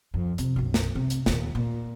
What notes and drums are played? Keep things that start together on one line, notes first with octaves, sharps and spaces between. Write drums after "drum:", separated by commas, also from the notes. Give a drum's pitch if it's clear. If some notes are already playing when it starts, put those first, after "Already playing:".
F2
C3, drum: hi-hat
B1 F#2
drum: snare
C3
drum: hi-hat
D#2 A#2, drum: snare
A#2